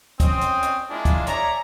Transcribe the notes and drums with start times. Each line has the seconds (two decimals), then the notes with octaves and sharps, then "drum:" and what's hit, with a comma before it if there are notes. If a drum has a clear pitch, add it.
0.20 C4 C#4 D#6, drum: kick, hi-hat
0.41 drum: hi-hat
0.63 drum: hi-hat
0.90 G#3 A#3 D4 E4 F4 G#4
1.05 drum: kick, hi-hat
1.27 G#4 C#5 D5 E5 A#5, drum: hi-hat